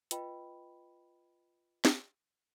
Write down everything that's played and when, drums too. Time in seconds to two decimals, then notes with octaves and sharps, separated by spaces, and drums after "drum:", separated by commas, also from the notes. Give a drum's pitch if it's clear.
0.11 F4 B4 D#5 G5 B5, drum: hi-hat
1.85 drum: snare